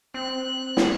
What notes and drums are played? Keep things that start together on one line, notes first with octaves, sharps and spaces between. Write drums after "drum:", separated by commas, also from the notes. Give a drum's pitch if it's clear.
C4 F#6
drum: snare